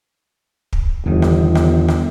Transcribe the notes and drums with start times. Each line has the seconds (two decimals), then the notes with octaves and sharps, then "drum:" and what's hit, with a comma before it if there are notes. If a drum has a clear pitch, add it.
0.73 drum: kick
1.06 G1 E2 D#3
1.22 drum: rim click
1.55 drum: rim click
1.88 drum: rim click